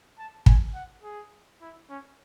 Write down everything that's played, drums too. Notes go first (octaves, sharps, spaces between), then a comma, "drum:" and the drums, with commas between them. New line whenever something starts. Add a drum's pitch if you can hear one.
A5
G#5, drum: kick
F#5
G#4
E4
C#4